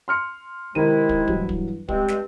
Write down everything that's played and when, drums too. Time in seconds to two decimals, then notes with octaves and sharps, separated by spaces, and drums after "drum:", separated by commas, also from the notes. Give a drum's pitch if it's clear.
0.08 C6 F6 C#7
0.75 C3 D#3 G#3 E4 A#4 D#7
1.09 drum: kick
1.28 G2 E3 F#3, drum: kick
1.49 drum: kick
1.89 G2 G#3 C4 G4, drum: kick
2.08 drum: snare